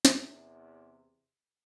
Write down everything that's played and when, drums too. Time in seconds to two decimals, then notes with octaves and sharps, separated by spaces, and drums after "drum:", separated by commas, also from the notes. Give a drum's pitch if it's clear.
0.05 drum: snare
0.15 E2 C3